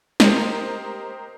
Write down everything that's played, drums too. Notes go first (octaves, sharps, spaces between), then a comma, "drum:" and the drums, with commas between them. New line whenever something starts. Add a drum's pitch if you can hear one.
G4 A#4 C5 D#5, drum: snare